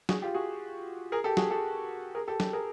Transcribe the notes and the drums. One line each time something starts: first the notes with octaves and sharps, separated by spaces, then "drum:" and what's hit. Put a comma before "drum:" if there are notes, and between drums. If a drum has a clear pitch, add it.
F#4 G#4, drum: snare
F4 G4
F#4 G#4
G#4 A#4
G4 A4
F#4 G#4, drum: snare
G4 A4
G#4 A#4
G4 A4
G4 A4, drum: snare
G#4 A#4